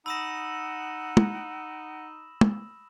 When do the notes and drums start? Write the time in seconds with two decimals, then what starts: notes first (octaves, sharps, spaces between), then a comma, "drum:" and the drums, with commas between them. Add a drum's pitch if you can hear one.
0.06 D#4 F#5 B5 D#6 E6 A#6 E7
1.17 drum: tom
2.41 drum: tom